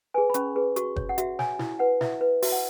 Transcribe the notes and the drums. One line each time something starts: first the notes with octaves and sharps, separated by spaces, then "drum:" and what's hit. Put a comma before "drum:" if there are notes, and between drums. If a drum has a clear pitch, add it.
G#4 B4 G#5
B5
C#4 C#6, drum: hi-hat
G#4 B4
F#4 C#6, drum: hi-hat
C#5, drum: kick F#1
F#5
F#4 E5, drum: hi-hat
C#5 G#5, drum: snare
E4, drum: snare
B4 F#5
E4 E5, drum: snare
B4
F#4 E5, drum: open hi-hat
F#5